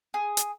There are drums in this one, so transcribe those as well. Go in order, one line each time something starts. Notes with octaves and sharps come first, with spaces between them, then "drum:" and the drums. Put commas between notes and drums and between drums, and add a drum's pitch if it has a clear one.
G#4
drum: hi-hat